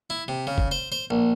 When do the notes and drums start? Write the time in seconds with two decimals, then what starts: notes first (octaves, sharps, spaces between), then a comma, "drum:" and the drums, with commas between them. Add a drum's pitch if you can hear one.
0.10 E4
0.28 C3
0.47 C#3
0.58 drum: kick
0.71 C5
0.92 C5
1.10 A#1